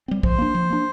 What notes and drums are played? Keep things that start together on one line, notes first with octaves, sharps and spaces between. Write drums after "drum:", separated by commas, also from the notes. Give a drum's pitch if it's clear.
G3 C4
F3 C5, drum: kick
A#3 D4
F3
A#3 D4